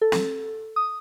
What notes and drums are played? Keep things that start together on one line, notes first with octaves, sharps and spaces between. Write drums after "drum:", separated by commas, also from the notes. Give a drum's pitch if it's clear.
A4
drum: snare
D#6